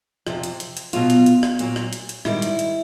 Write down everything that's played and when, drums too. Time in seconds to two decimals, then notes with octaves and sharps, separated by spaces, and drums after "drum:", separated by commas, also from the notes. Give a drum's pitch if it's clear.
0.27 F2 C3 F3, drum: rim click
0.44 drum: hi-hat
0.60 drum: hi-hat
0.77 drum: hi-hat
0.93 B2 F#3 F4, drum: hi-hat
1.10 drum: hi-hat
1.26 drum: hi-hat
1.43 drum: rim click
1.59 A#2 F#3, drum: hi-hat
1.76 drum: rim click
1.93 drum: hi-hat
2.09 drum: hi-hat
2.25 G#2 D#3 G3 E4, drum: rim click
2.42 drum: hi-hat
2.59 drum: hi-hat